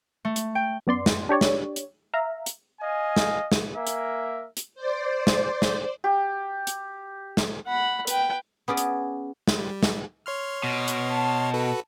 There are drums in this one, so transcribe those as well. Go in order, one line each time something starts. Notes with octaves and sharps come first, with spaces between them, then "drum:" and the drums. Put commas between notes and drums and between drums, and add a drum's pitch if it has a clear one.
A3
drum: hi-hat
G5
F#2 B3 D5 C6
drum: snare
D4 G4 C#5 D5
drum: snare
drum: hi-hat
E5 F5 A#5
drum: hi-hat
D#5 F5 G#5
drum: snare
drum: snare
A#3 A#4 E5 G#5
drum: hi-hat
drum: hi-hat
C5 D5
drum: snare
drum: snare
G4
drum: hi-hat
drum: snare
F#5 B5
B4 G5, drum: hi-hat
B3 C#4 G#4 D5
drum: hi-hat
drum: snare
G3
drum: snare
C#5 C6 F6
B2
drum: hi-hat
A5
F#4 A4 B4